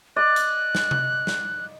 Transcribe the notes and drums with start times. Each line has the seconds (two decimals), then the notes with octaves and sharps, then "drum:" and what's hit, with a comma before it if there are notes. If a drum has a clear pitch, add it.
0.16 D5 D#5 F#6
0.36 drum: hi-hat
0.75 drum: snare
0.91 drum: tom C3
1.27 drum: snare